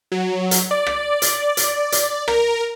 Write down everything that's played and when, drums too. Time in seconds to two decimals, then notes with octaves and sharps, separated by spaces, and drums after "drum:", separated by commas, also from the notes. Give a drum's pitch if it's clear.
0.12 F#3
0.51 drum: hi-hat
0.71 D5
0.86 drum: rim click
1.22 drum: hi-hat
1.57 drum: hi-hat
1.92 drum: hi-hat
2.28 A#4, drum: rim click